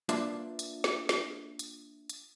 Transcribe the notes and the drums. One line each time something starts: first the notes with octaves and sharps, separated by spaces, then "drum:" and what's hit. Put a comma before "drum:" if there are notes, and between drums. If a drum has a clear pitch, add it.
A#3 D4 F4 B4 D5 E5, drum: hi-hat
drum: hi-hat
drum: snare
drum: snare
drum: hi-hat
drum: hi-hat